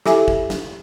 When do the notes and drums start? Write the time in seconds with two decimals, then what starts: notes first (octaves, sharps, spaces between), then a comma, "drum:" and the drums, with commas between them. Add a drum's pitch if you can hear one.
0.06 E4 G4 A4 E5 G#5, drum: snare
0.28 drum: kick
0.50 drum: snare